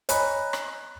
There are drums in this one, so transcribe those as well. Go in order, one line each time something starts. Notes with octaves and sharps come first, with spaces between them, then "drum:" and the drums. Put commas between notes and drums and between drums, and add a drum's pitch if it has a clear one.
C#5 D#5 G#5 A#5 B5 F#6, drum: hi-hat
drum: rim click